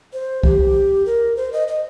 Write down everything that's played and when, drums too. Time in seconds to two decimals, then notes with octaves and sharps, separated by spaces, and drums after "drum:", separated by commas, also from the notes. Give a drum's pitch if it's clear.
0.13 C5
0.43 G4, drum: kick C2
1.06 A#4
1.36 C5
1.53 D#5
1.68 D#5